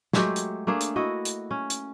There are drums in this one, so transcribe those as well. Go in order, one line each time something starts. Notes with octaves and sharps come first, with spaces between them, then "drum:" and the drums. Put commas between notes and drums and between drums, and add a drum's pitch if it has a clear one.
F#3 G#3 A3 G4, drum: snare
drum: hi-hat
A3 A#3 D4 G#4
drum: hi-hat
E4 F#4 D#5
drum: hi-hat
C#4
drum: hi-hat